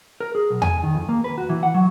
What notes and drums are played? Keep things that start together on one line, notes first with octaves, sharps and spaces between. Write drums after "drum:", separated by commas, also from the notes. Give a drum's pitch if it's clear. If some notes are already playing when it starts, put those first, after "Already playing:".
A#4
G#4
B1
G#5, drum: tom E2
D#3
F2
A#3
B4
F#4
E3
F#5
F#3